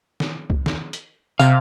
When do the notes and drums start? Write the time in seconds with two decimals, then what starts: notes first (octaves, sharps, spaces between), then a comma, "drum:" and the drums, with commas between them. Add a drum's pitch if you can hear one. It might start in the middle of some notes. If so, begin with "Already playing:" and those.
0.20 drum: snare
0.50 drum: kick C#2
0.66 drum: snare
0.93 drum: hi-hat
1.39 C3 F5, drum: tambourine